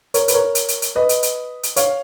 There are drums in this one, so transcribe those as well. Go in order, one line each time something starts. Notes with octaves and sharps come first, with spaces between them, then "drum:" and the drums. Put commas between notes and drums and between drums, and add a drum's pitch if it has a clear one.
A#4 C#5, drum: hi-hat
B4, drum: hi-hat
A#4 C#5
drum: hi-hat
drum: hi-hat
drum: hi-hat
B4 D#5
drum: hi-hat
drum: hi-hat
drum: hi-hat
C#5 F5, drum: hi-hat